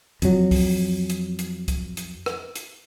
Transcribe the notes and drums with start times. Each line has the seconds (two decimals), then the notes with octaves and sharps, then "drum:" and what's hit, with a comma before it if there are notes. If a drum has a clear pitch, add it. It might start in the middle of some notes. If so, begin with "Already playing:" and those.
0.22 F2 F#3, drum: hi-hat
0.51 drum: kick C2, open hi-hat
1.10 drum: hi-hat
1.39 drum: hi-hat
1.68 drum: kick C2, hi-hat
1.97 drum: hi-hat
2.26 drum: rim click
2.55 drum: hi-hat